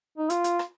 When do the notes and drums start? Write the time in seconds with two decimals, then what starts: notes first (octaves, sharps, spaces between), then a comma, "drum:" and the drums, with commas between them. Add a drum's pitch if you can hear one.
0.18 D#4
0.30 F4, drum: hi-hat
0.44 drum: hi-hat
0.59 drum: rim click